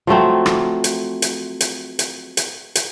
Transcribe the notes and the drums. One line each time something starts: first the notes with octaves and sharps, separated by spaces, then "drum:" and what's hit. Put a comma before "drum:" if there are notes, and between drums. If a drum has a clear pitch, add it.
F3 F#3 A3 C4
drum: rim click
drum: hi-hat
drum: hi-hat
drum: hi-hat
drum: hi-hat
drum: hi-hat
drum: hi-hat